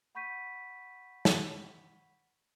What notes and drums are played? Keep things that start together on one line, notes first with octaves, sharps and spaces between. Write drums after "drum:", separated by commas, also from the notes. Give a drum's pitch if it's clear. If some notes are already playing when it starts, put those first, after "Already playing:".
F#5 B5 C#6 G6 B6 D#7
drum: snare